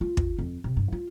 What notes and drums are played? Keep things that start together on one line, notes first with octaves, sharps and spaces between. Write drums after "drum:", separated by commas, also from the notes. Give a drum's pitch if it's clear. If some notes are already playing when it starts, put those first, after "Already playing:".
F4
drum: kick
F2
C3
G2
F4